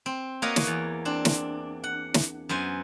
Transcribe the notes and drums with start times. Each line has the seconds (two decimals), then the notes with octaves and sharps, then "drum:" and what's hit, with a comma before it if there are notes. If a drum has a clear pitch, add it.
0.06 C4
0.42 A#3 F#4 B4 C#5 D#5 F5
0.56 drum: snare
0.67 E2
1.05 C4 D4
1.25 drum: snare
1.84 F#5
2.14 drum: snare
2.49 F#2 B3 C5 G#5